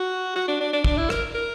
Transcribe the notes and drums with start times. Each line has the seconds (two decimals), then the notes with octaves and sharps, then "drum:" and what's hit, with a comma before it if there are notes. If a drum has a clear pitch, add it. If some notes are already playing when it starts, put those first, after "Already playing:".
Already playing: F#4
0.36 F#4
0.48 D4
0.61 D4
0.73 D4
0.84 D4, drum: kick
0.98 E4
1.10 A#4, drum: rim click
1.35 A#4